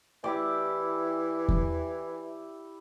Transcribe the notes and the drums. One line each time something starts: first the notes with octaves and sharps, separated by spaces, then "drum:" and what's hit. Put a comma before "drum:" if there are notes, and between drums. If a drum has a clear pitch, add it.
E3 E4 G4 D5
drum: kick E2